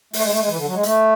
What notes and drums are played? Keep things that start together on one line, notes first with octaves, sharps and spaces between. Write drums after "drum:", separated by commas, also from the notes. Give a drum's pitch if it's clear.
A3, drum: open hi-hat
G#3
A3
G#3
E3
D3
F#3
G#3
A3, drum: hi-hat